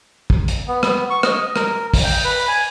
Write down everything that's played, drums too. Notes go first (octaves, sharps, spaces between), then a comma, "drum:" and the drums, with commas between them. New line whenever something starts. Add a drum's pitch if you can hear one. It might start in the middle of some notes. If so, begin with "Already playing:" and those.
drum: kick
drum: hi-hat
B3
B3, drum: rim click
C#6
D#5, drum: rim click
A#4, drum: rim click
drum: kick, open hi-hat
G5
B4
G#5